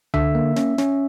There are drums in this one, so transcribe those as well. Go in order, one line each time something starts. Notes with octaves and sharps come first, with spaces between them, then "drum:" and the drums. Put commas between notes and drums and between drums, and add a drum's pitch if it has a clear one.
D3 E5, drum: tom C#2
A#3
C#4, drum: snare
C#4, drum: snare